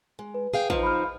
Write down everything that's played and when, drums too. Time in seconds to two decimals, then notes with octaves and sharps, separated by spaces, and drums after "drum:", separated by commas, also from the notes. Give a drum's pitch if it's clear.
0.19 G#3
0.34 B4
0.54 G#4 F5 G5
0.70 F3 D#4 B4, drum: kick A1
0.83 B5 F6